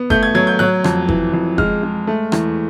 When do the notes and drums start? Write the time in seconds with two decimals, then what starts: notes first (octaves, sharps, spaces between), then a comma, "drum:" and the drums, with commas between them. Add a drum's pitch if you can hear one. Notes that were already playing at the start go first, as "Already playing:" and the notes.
Already playing: B3
0.10 A3 G6, drum: kick F#1
0.23 G#6
0.35 F#3 G#6
0.47 G6
0.59 F#3 F#6
0.84 F2, drum: rim click
1.08 E3, drum: kick F#1
1.33 F2
1.58 G#3 F6, drum: kick F#1
1.83 G#3
2.07 A3
2.32 E2, drum: rim click